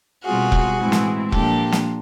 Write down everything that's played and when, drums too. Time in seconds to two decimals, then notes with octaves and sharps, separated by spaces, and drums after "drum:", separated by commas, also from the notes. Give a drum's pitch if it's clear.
0.25 B2 G3 C4 F4 F#4 G#4
0.52 drum: kick E1
0.78 A2 E3 G#3 C4 E4
0.92 drum: snare
1.32 A#2 F3 A#3 D4 G4 A4, drum: kick E1
1.72 drum: snare